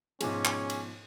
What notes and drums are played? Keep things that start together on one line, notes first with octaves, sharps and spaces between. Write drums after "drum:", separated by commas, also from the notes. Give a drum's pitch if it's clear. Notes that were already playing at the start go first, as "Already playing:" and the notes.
G#2 B2 F3 C#4 G#4 G#5 D6, drum: cymbal
drum: clap
drum: cymbal